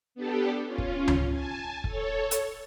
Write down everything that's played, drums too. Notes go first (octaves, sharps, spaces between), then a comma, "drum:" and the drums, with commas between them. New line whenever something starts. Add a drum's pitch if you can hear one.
B3 D4 G4 A4
C#4 F4
drum: kick
drum: tom C#2
G#5 A5
A4 C#5, drum: kick
drum: hi-hat